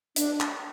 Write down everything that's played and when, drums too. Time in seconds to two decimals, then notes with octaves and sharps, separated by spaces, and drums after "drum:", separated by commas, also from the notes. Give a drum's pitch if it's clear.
0.16 D4, drum: hi-hat
0.41 drum: clap